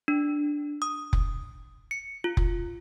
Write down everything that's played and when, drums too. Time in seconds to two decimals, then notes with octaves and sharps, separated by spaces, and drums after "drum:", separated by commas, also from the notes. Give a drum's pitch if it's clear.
0.08 D4
0.82 D#6
1.13 drum: kick F1
1.91 C#7
2.24 F4
2.37 drum: kick F1